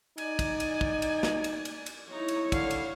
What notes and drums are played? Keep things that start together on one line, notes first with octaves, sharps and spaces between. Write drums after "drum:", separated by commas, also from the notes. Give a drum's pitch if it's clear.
D#4 D5 G#5, drum: cymbal
drum: kick, cymbal
drum: cymbal
drum: kick
drum: cymbal
drum: snare
drum: cymbal
drum: cymbal
drum: cymbal
D#4 E4 C#5 A#5
drum: cymbal
D3 F5, drum: kick, cymbal
drum: cymbal